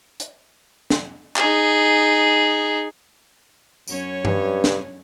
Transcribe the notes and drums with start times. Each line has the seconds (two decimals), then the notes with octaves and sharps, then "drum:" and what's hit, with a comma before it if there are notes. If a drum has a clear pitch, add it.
0.20 drum: hi-hat
0.90 drum: snare
1.36 D#4 G#4, drum: clap
3.88 F#2 C#4 C#5, drum: tambourine
4.25 G2, drum: tom G2
4.64 drum: snare